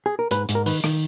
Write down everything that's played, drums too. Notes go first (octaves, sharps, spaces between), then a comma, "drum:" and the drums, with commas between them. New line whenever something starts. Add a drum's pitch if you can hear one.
G#4
A#4
G#2 B4, drum: hi-hat
G#2, drum: hi-hat
A#4
D#3 B4, drum: open hi-hat
D#3, drum: rim click